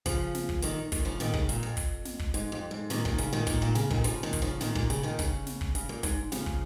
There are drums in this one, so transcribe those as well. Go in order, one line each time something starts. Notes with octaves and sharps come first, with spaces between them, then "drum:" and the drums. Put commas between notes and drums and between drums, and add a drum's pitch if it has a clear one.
C#3 F3, drum: kick, hi-hat
drum: snare
drum: kick
A#2 D#3, drum: hi-hat
A#2 D#3, drum: kick, hi-hat
C#3 F3
A#2 D#3, drum: snare
C#3, drum: kick
A#2, drum: hi-hat
F2
drum: kick, hi-hat
drum: snare
drum: kick
G#2, drum: hi-hat
F2
G#2
A#2 D#3, drum: snare
A#2 D#3, drum: kick
C#3, drum: hi-hat
A#2 D#3
A#2 D#3, drum: kick, hi-hat
A#2
C#3, drum: snare
A#2 D#3, drum: kick
C#3 F3, drum: hi-hat
A#2 D#3
drum: kick, hi-hat
C#3 F3
A#2 D#3, drum: snare
A#2, drum: kick
C#3, drum: hi-hat
A#2 D#3
C#3, drum: kick, hi-hat
drum: snare
drum: kick
C#3, drum: hi-hat
A#2
G#2, drum: kick, hi-hat
C#3 F3, drum: snare
drum: kick